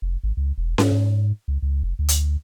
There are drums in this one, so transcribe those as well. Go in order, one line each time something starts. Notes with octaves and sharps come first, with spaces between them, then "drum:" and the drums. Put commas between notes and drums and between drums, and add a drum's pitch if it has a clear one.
F1
G#1
C#2
E1
G#2, drum: snare C#4
G#2
C#2
C#2
F1
D2
drum: hi-hat